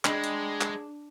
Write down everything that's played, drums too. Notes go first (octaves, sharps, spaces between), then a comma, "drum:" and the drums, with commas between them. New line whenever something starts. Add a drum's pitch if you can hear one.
G#3 D4 G#4 D#5 G5 B5, drum: clap
drum: hi-hat
drum: clap